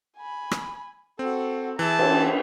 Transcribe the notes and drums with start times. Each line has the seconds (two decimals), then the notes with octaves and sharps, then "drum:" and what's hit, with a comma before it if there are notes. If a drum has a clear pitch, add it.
0.17 G#5 B5
0.51 drum: rim click
1.19 C4 F#4 A4
1.79 E3 G#4 E5 A5
1.99 drum: cymbal